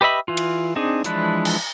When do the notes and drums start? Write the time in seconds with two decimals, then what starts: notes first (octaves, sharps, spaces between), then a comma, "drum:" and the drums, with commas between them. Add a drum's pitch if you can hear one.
0.01 G4 B4 D#5 E5 B5
0.28 E3 F4
0.37 drum: cymbal
0.76 C4 D4 D#4 G#4
1.04 E3 F3 G#3 D4 B4, drum: hi-hat
1.45 drum: cymbal